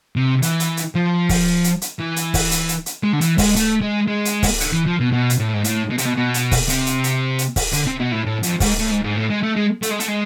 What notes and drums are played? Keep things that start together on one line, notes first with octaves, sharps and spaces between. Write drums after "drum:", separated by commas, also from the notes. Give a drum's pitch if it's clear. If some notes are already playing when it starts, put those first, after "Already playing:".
C3
E3, drum: hi-hat
drum: hi-hat
drum: hi-hat
F3
drum: kick, open hi-hat
drum: hi-hat
drum: hi-hat
E3
drum: hi-hat
drum: kick, open hi-hat
drum: hi-hat
drum: hi-hat
drum: hi-hat
G#3
D3
E3, drum: hi-hat
G#3, drum: kick, open hi-hat
A3, drum: hi-hat
G#3
G#3
drum: hi-hat
drum: kick, open hi-hat
drum: hi-hat
E3
F3
B2
B2
drum: hi-hat
A2
G#2
A2, drum: hi-hat
B2
C3, drum: hi-hat
B2
B2
drum: hi-hat
drum: kick, open hi-hat
C3, drum: hi-hat
drum: hi-hat
drum: hi-hat
drum: hi-hat
drum: kick, open hi-hat
D3, drum: hi-hat
C3
B2
A2
A2
F2, drum: hi-hat
G#2, drum: kick, open hi-hat
A2
G#2
G#2
A2
G#3
A3
G#3
A3, drum: hi-hat
G#3
A3, drum: hi-hat
G#3